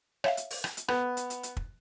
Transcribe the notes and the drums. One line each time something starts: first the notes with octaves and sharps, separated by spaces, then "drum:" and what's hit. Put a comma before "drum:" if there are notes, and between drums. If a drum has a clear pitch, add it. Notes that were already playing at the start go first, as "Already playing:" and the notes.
C#5 E5 F5, drum: rim click
drum: hi-hat
drum: open hi-hat
drum: rim click
drum: hi-hat
B3, drum: rim click
drum: hi-hat
drum: hi-hat
drum: hi-hat
drum: kick